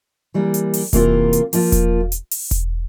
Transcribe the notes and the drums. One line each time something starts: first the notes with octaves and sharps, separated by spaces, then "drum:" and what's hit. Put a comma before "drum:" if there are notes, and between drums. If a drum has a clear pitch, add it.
E3 G3 A#3
drum: hi-hat
drum: open hi-hat
C3 E3 A#3 F4 A#4, drum: kick E1, hi-hat
drum: hi-hat
F3 A#3 F4, drum: open hi-hat
drum: kick E1, hi-hat
drum: hi-hat
drum: open hi-hat
drum: kick E1, hi-hat